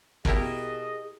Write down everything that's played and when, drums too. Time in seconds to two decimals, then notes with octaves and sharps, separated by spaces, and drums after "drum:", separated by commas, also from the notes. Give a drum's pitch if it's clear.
0.25 B2 A#3 E4 G4 G#4 D#5, drum: kick G#1